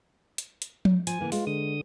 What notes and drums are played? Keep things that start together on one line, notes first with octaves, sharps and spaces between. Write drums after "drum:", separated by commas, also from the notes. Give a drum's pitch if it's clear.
drum: hi-hat
drum: hi-hat
drum: tom F3
F3 G#5, drum: hi-hat
C#3 E3 A#3
G#3 F4, drum: open hi-hat
D3 D#6